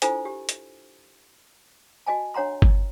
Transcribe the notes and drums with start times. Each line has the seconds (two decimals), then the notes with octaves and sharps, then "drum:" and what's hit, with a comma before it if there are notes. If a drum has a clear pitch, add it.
0.02 D4 E4 F4 A4 C5 G#5, drum: hi-hat
0.25 G4
0.49 drum: hi-hat
2.06 F#4 D#5 G#5 A5
2.34 D4 C#5 F#5 A#5 C6
2.62 drum: kick G1